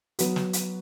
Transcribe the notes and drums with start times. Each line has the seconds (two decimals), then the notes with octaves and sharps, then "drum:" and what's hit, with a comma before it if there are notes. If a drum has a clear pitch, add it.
0.19 F#3 B3 F#4, drum: hi-hat
0.36 drum: snare
0.53 drum: hi-hat